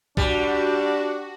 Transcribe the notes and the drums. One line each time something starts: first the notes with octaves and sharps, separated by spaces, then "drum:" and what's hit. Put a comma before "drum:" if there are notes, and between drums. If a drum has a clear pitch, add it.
G3 D4 F#4, drum: kick B1